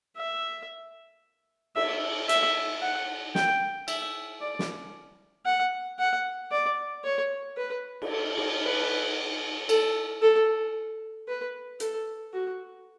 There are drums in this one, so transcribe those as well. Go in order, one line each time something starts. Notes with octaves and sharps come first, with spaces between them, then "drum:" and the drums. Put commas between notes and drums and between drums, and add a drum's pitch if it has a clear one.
E5
E5, drum: cymbal
E5, drum: hi-hat
F#5
G5, drum: snare
E5, drum: cymbal
D5
drum: snare
F#5
F#5
D5
C#5
B4
drum: cymbal
A4
drum: cymbal
B4
A4, drum: cymbal
A4
B4
A4, drum: hi-hat
F#4